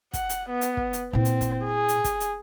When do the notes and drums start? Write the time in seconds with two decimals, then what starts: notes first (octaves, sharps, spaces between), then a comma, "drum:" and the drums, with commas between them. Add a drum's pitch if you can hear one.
0.13 F#5, drum: kick, hi-hat
0.29 drum: hi-hat
0.50 B3
0.61 drum: hi-hat
0.77 drum: kick
0.93 drum: hi-hat
1.13 A#2 C4 E4
1.25 drum: hi-hat
1.41 drum: kick, hi-hat
1.66 G#4
1.88 drum: hi-hat
2.04 drum: kick, hi-hat
2.20 drum: hi-hat